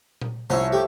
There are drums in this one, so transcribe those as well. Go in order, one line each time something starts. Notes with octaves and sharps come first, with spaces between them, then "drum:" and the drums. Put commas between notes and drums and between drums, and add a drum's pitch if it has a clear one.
drum: tom A#2
C2 F3 C#4 C5 C#5 E5
A3 G4